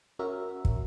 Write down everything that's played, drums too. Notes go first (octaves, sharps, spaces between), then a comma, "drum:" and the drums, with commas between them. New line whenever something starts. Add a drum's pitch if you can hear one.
C#4 F#4 A#4 E5
drum: kick